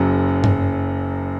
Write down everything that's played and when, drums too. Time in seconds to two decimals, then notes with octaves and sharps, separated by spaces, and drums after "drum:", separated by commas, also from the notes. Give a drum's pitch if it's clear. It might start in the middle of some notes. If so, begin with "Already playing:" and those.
Already playing: F#1 F#2 F#3
0.44 drum: tom G2